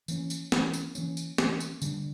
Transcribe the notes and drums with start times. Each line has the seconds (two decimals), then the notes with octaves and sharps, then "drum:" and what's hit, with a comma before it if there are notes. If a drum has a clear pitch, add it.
0.08 E3 A#3 C#4, drum: tambourine
0.30 drum: tambourine
0.52 E3 A#3 C#4, drum: snare
0.73 drum: tambourine
0.95 E3 A#3 C#4, drum: tambourine
1.17 drum: tambourine
1.38 E3 A#3 C#4, drum: snare
1.60 drum: tambourine
1.82 D3 G3 D4, drum: tambourine